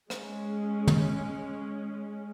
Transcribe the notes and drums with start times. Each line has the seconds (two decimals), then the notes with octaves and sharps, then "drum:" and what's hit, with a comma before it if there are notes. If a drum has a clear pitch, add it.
0.10 G#3 C#4, drum: rim click
0.87 drum: tom